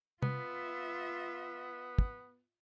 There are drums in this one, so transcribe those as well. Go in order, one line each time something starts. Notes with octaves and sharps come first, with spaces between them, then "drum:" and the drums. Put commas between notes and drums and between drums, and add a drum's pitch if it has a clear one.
B3 F4 E5, drum: tom C3
drum: kick